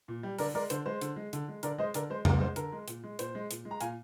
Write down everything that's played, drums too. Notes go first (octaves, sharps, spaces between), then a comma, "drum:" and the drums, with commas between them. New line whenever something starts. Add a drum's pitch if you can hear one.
A#2
G3
D3 A#4 D5, drum: open hi-hat
G#3 A#4 D5
D3 C5, drum: hi-hat
G#3 C5
D3, drum: hi-hat
G#3
D3, drum: hi-hat
G#3
D3 A#4 D5, drum: hi-hat
G#3 C5 D#5
D3 A#4 D5, drum: hi-hat
G#3 C5
D3 A#4, drum: tom F2
G#3 C5
D3 A#4, drum: hi-hat
G#3
A#2, drum: hi-hat
G#3
A#2 C5, drum: hi-hat
G#3
A#2, drum: hi-hat
G#3
A#5
A#2 F5 G#5, drum: hi-hat